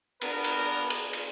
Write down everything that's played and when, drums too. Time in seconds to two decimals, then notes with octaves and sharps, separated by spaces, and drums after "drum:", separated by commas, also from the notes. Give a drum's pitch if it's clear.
0.21 B3 D4 A#4, drum: cymbal
0.44 drum: cymbal
0.90 drum: cymbal
1.13 drum: cymbal